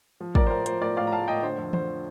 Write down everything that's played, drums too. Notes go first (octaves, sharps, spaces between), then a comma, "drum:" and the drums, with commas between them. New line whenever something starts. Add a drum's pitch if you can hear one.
F3
A2 A#4 D5, drum: kick
C5
A2 A#4
F3 C5, drum: hi-hat
A2 A#4 D5
A2 D5 F5
A#5
A2 F5 A5
A2 D#5 G5
D3 C5
F2
D3 C5, drum: tom E3